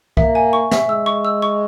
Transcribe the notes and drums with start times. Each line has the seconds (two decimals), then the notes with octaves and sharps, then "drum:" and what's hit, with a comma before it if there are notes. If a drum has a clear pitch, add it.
0.17 A#3 E5, drum: kick C2
0.35 G#5
0.53 C#6
0.71 E5, drum: snare
0.88 G#3 E6
1.06 C#6
1.25 E6
1.42 C#6